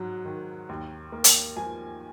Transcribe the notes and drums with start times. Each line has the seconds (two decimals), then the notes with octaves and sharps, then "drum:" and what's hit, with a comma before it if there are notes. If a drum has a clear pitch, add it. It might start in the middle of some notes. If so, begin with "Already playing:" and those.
Already playing: G#2 F#3
0.25 D#3
0.69 D#2
1.12 A#3
1.24 drum: hi-hat
1.56 F3 G#5